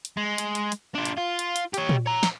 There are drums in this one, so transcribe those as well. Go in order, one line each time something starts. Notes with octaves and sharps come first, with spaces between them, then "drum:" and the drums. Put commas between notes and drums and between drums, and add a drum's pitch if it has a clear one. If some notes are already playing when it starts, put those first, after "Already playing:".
drum: hi-hat
G#3
drum: hi-hat
drum: hi-hat
drum: hi-hat
D4 F4
drum: hi-hat
F4
drum: hi-hat
drum: hi-hat
G4 C#5, drum: hi-hat
drum: tom A#2
C#5 A#5
drum: snare